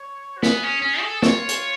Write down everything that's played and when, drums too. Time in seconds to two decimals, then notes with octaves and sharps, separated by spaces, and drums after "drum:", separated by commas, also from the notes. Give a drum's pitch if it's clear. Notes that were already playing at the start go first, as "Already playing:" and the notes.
Already playing: C#5
0.38 F#4
0.43 B3 G#4, drum: snare
0.64 C#4
0.82 C#4
1.02 A4
1.22 F4 C#5, drum: snare
1.49 drum: hi-hat